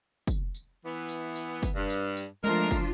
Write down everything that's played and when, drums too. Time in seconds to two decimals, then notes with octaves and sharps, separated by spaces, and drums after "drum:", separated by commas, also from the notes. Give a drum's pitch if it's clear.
0.27 drum: kick, tambourine
0.55 drum: tambourine
0.85 E3 B3
1.09 drum: tambourine
1.36 drum: tambourine
1.63 drum: kick, tambourine
1.75 G2
1.90 drum: tambourine
2.17 drum: tambourine
2.44 F3 G#3 A3 D4 F4 A#4, drum: tambourine
2.71 drum: kick, tambourine